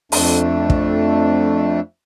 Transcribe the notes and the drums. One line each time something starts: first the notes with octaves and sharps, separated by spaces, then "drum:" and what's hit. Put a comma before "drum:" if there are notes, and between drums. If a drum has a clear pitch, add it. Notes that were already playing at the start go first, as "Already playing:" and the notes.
F2 A3 D4, drum: open hi-hat
drum: kick